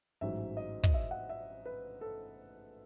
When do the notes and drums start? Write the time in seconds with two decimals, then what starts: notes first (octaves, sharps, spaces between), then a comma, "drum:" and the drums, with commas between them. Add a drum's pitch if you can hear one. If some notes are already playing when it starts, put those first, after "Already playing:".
0.21 A1 G#2 F#3 E5
0.57 D#5
0.84 D#5, drum: kick
0.94 E5
1.11 F#5
1.29 E5
1.66 B4
2.01 A4